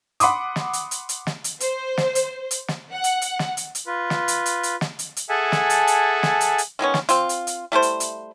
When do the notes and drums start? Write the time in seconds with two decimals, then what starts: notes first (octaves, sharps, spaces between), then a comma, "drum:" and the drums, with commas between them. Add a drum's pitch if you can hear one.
0.20 F#5 B5 C6 D6 D#6, drum: hi-hat
0.56 drum: snare
0.73 drum: hi-hat
0.91 drum: hi-hat
1.09 drum: hi-hat
1.27 drum: snare
1.44 drum: hi-hat
1.60 C5, drum: hi-hat
1.97 drum: snare
2.15 drum: hi-hat
2.51 drum: hi-hat
2.68 drum: snare
2.92 F#5
3.04 drum: hi-hat
3.22 drum: hi-hat
3.39 drum: snare
3.57 drum: hi-hat
3.75 drum: hi-hat
3.86 F4 B4
4.10 drum: snare
4.28 drum: hi-hat
4.46 drum: hi-hat
4.63 drum: hi-hat
4.81 drum: snare
4.99 drum: hi-hat
5.17 drum: hi-hat
5.29 G#4 A4 E5 F#5 G#5 A5
5.52 drum: snare
5.70 drum: hi-hat
5.87 drum: hi-hat
6.23 drum: snare
6.41 drum: hi-hat
6.58 drum: hi-hat
6.79 D#3 G#3 B3 C#4
6.94 drum: snare
7.09 C4 F4, drum: hi-hat
7.29 drum: hi-hat
7.47 drum: hi-hat
7.72 G3 A3 E4 C5
7.82 drum: hi-hat
8.00 drum: hi-hat